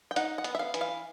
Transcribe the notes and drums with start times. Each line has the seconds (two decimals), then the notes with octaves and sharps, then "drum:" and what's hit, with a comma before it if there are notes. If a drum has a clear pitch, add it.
0.11 G5
0.16 D#4 F#5, drum: hi-hat
0.38 F#5
0.44 B3, drum: hi-hat
0.55 E5
0.59 F5
0.74 E3, drum: hi-hat
0.81 F5